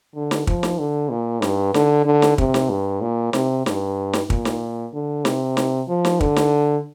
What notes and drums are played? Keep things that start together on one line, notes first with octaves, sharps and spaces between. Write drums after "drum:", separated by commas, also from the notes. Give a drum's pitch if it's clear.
D3
drum: snare
F3, drum: kick
drum: snare
D3
A#2
G2, drum: snare
D3, drum: snare
D3
drum: snare
C3, drum: kick
drum: snare
G2
A#2
C3, drum: snare
G2, drum: snare
drum: snare
A#2, drum: kick
drum: snare
D3
C3, drum: snare
drum: snare
F3
drum: snare
D3, drum: kick
drum: snare